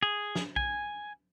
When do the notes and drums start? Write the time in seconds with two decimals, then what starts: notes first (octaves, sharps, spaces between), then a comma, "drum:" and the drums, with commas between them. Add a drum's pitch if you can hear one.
0.03 G#4
0.35 drum: snare
0.56 G#5, drum: kick B1